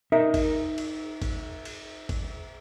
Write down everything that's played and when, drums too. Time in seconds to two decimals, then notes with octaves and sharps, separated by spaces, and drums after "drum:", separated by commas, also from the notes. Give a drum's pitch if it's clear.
0.12 D#4 A#4 E5
0.34 drum: kick G#1, cymbal
0.78 drum: cymbal
1.22 drum: kick G#1, cymbal
1.65 drum: cymbal
2.09 drum: kick G#1, cymbal